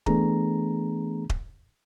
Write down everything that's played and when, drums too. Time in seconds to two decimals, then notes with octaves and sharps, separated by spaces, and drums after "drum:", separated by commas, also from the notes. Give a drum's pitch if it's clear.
0.06 E3 A3 B3 D4 G#4 A#5, drum: kick D#1
1.30 drum: kick D#1